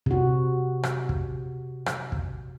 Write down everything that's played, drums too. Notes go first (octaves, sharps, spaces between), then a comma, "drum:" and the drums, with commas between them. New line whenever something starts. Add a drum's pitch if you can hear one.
C3 F#4, drum: kick
drum: rim click
drum: kick
drum: rim click
drum: kick